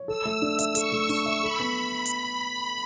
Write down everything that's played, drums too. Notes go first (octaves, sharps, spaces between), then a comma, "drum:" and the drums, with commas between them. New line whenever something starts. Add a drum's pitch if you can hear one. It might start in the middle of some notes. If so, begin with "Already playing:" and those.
Already playing: C#5
A4 E6
A3
D4
E5, drum: hi-hat
A4 C#6, drum: hi-hat
A3
D4, drum: open hi-hat
E5
A4 B5
B3
drum: hi-hat